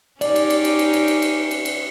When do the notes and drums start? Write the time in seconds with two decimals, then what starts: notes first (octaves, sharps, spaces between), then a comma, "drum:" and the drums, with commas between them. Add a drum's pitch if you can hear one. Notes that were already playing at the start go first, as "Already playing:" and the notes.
0.21 C#4 D#4 G4 D5, drum: cymbal
0.36 drum: cymbal
0.50 drum: cymbal
0.64 drum: cymbal
0.79 drum: cymbal
0.93 drum: cymbal
1.08 drum: cymbal
1.22 drum: cymbal
1.51 drum: cymbal
1.65 drum: cymbal